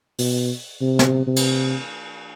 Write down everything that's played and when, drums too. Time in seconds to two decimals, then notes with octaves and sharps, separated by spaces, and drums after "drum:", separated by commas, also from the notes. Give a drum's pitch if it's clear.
0.19 B2, drum: open hi-hat
0.81 C3
0.99 drum: snare
1.27 C3
1.36 drum: cymbal